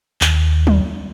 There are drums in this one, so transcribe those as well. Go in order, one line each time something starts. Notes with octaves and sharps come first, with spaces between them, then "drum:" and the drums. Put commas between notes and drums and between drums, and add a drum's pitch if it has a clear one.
D#2, drum: clap
drum: tom F#3